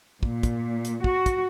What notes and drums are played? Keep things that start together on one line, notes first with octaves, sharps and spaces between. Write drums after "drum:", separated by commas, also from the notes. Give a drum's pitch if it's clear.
A#2, drum: kick
drum: kick, hi-hat
drum: hi-hat
F#4, drum: kick
drum: kick, hi-hat